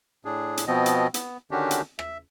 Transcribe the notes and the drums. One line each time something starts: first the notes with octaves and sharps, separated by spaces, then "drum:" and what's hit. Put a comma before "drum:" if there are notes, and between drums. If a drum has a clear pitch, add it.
A2 D4 G#4
drum: hi-hat
B2 F3 B3 C4 D#5
drum: hi-hat
B3, drum: hi-hat
D3 D#3 C#4 D4 F#4 G4
drum: hi-hat
E5, drum: rim click